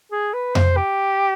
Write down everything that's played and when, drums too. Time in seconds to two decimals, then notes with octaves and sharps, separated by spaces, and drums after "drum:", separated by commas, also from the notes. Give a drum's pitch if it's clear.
0.12 G#4
0.34 B4
0.55 C5, drum: tom F2
0.77 G4